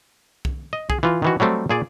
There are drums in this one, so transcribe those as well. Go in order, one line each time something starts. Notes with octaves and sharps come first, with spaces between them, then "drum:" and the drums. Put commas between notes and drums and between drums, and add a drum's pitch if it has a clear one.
drum: kick
D#5
G#4, drum: kick
E3 F4
D#3 E3 F#4
F#3 G3 A3 C4
A#2 G#4 D5